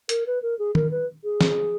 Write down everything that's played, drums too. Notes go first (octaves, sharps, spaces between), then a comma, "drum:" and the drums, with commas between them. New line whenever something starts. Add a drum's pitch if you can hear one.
A#4, drum: hi-hat
B4
A#4
G#4
A#4, drum: tom
B4
G#4
drum: snare